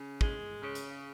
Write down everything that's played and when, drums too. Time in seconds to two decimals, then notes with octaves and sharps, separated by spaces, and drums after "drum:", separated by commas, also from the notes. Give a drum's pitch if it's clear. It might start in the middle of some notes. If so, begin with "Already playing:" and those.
Already playing: C#3
0.21 G#3, drum: kick
0.62 C#3
0.75 drum: hi-hat